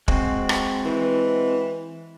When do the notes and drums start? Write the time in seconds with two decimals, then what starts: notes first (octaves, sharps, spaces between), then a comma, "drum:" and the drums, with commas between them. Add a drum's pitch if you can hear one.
0.08 G#3 C4 F#4, drum: kick
0.49 drum: rim click
0.85 E3